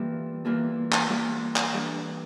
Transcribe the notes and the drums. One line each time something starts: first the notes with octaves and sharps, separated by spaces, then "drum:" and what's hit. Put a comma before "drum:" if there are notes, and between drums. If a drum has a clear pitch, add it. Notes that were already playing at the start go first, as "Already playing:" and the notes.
Already playing: E3 G3 A#3 F4 A4
E3 G3 A#3 F4 A4
drum: clap
E3 G3 A#3 F4 A4
drum: clap
E3 G3 D4 A4